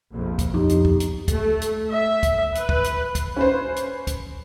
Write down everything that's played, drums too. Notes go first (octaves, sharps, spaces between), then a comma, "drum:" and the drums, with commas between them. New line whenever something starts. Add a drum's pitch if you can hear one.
A#1 F2 C3
drum: kick, hi-hat
B1 F2 D#4 G4
drum: hi-hat
drum: kick
drum: hi-hat
A3, drum: kick, hi-hat
drum: hi-hat
E5
drum: kick, hi-hat
B4, drum: hi-hat
drum: kick
drum: hi-hat
drum: kick, hi-hat
C#4 B4 C5
drum: hi-hat
drum: kick, hi-hat